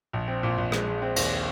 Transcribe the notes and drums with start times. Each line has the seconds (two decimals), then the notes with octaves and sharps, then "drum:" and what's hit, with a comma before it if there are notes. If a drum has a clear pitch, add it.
0.13 A#1
0.28 C4
0.43 A#2
0.58 A#1
0.72 G#3, drum: rim click
0.87 G#3
1.02 C4
1.16 D#2, drum: cymbal